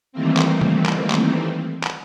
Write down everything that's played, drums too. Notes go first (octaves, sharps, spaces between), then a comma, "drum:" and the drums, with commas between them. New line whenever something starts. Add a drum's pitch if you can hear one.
D#3 E3 G3 A3 A#3 C4
drum: clap
drum: tom C#3
drum: clap
drum: clap
drum: clap